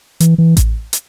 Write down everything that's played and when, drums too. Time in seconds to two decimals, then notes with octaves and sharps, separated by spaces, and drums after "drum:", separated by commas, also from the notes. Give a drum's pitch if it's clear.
0.20 E3, drum: hi-hat
0.38 E3
0.57 drum: kick A1, hi-hat
0.93 drum: hi-hat